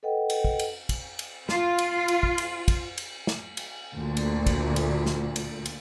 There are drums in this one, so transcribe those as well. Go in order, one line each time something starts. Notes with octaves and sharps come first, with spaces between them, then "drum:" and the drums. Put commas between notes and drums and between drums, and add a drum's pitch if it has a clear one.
A4 B4 D#5 F#5 G5
drum: cymbal
drum: kick
drum: cymbal
drum: kick, cymbal
drum: cymbal
F4, drum: snare
drum: cymbal
drum: cymbal
drum: kick
drum: cymbal
drum: kick, cymbal
drum: cymbal
drum: snare
drum: cymbal
D2 A#2
drum: cymbal
drum: kick, cymbal
drum: cymbal
drum: snare
drum: cymbal
drum: cymbal